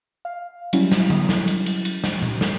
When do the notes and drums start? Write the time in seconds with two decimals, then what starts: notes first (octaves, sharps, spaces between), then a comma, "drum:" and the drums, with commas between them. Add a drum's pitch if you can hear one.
0.25 F5
0.73 F#3 G3 C#4 E4, drum: cymbal
0.92 drum: snare
1.10 drum: tom D3
1.29 drum: snare
1.48 drum: cymbal
1.66 drum: cymbal
1.85 drum: cymbal
2.04 drum: snare
2.22 drum: tom A#2
2.41 drum: snare